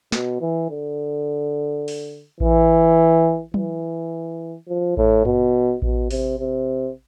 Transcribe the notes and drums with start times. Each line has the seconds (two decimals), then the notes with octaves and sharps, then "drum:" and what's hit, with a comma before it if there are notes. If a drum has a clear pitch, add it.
0.12 B2, drum: snare
0.41 E3
0.70 D3
1.88 drum: open hi-hat
2.40 E3, drum: kick A1
3.54 E3, drum: tom F#3
4.68 F3
4.97 A2, drum: kick A1
5.25 B2, drum: tom G2
5.82 B2, drum: kick A1
6.11 C3, drum: open hi-hat
6.39 C3